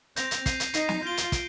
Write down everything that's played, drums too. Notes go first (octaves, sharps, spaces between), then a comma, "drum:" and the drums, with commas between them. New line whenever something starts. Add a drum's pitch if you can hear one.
C4 G6 A#6 F7, drum: hi-hat
drum: hi-hat
G6 C7 D#7, drum: kick, hi-hat
drum: hi-hat
D#4 G6 C7 D#7, drum: hi-hat
drum: snare
F4 G6 D7 G7
drum: hi-hat
D7 G7, drum: kick, hi-hat